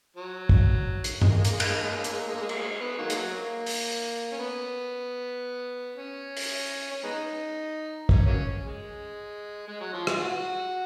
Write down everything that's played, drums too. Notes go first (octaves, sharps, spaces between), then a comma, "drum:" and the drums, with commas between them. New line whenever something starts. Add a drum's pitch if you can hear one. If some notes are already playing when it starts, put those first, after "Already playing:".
F#3
drum: kick
drum: hi-hat
G#3, drum: tom G2
A#3
G#3
A#3, drum: hi-hat
G#3
A#3, drum: cymbal
G#3
A#3
G#3
A#3
G#3
A#3, drum: hi-hat
G#3
A#3
G#3
A#3
G#3
A#3, drum: cymbal
G#3
B3
D#3 F#3 A#3
G#3, drum: hi-hat
F#3
A#3
drum: open hi-hat
C#4
B3
C#4
drum: open hi-hat
C#4
G#3 B3 D#4
C#4, drum: kick
F#3 A#3 C#4
G#3
G#3
F#3
F3
G#3, drum: rim click
F4
F#4